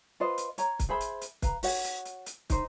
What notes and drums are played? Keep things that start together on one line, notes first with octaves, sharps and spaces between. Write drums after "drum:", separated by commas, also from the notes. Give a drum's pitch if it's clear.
F4 B4 C5 D#5
drum: hi-hat
C#5 A#5, drum: hi-hat
drum: kick, hi-hat
G#4 C5 E5 B5
drum: hi-hat
drum: hi-hat
B4 F5 A#5, drum: kick, hi-hat
F#4 C#5 F#5, drum: open hi-hat
drum: hi-hat
drum: hi-hat
drum: hi-hat
D#4 C5, drum: kick, hi-hat